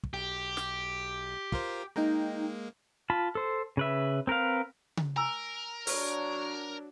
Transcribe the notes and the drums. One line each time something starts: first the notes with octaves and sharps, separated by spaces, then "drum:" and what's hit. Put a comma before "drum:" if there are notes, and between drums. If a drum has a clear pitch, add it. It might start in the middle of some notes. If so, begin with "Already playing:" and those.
drum: kick
B1 G4
drum: snare
F4 A#4 C5, drum: kick
G#3 A#3 D#4 G5 A#5
F4 A5 B5
A4 C5
C#3 B4 E5
C4 A#4 B4 F5
drum: tom C#3
A#4 G#5 A#5 E6
F#3 D4 B4 C#5, drum: open hi-hat